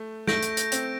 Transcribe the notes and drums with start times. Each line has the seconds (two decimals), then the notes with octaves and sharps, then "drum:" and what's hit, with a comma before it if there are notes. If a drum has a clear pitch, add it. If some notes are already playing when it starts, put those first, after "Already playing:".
Already playing: A3
0.27 A3 G6 A#6 D7, drum: snare
0.42 drum: hi-hat
0.57 drum: hi-hat
0.72 C4, drum: hi-hat